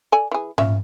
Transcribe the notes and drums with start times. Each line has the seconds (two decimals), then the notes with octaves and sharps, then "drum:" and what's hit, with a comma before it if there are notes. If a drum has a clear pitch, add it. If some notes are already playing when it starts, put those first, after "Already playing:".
0.12 A4 D5 G#5
0.31 E3 G#4
0.58 C#4 F4 E5, drum: tom G#2